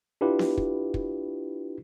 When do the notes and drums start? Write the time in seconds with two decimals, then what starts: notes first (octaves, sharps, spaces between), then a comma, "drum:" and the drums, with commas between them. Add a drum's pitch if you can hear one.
0.21 D4 E4 F4 G4 B4
0.39 drum: snare B3
0.57 drum: kick
0.94 drum: kick